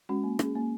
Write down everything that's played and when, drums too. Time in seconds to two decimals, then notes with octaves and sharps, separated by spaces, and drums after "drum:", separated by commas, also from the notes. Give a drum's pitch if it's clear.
0.09 G#3 C#4 F#4
0.24 A#3
0.39 C#4 G#4, drum: rim click
0.55 A#3